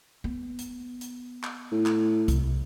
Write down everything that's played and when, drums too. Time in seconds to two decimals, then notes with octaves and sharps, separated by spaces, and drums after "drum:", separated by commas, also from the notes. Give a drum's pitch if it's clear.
0.24 B3
0.59 drum: hi-hat
1.01 drum: hi-hat
1.44 drum: clap
1.72 A2
1.86 drum: clap
2.28 C2, drum: kick B1, hi-hat